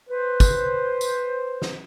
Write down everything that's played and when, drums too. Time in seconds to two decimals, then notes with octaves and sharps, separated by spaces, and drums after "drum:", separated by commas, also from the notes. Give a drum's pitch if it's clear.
0.10 B4 C5
0.40 drum: kick, tambourine
1.01 drum: tambourine
1.62 drum: snare